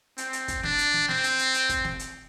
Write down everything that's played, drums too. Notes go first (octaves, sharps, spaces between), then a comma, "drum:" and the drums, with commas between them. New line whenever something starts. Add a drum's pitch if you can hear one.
C4, drum: hi-hat
drum: hi-hat
drum: kick, hi-hat
D4, drum: snare
drum: hi-hat
drum: snare
C4, drum: snare
drum: hi-hat
drum: hi-hat
drum: hi-hat
drum: kick, hi-hat
drum: snare
drum: hi-hat